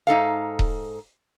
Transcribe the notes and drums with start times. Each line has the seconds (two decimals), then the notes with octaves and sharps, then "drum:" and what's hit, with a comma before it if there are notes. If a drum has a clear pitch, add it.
0.07 G#2 D#4 A4 F5
0.59 drum: kick D#1